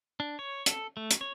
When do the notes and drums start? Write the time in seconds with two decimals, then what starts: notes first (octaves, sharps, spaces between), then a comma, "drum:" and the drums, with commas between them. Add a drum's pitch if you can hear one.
0.20 D4
0.39 C#5
0.66 A4, drum: hi-hat
0.97 A3
1.11 drum: hi-hat
1.21 C#5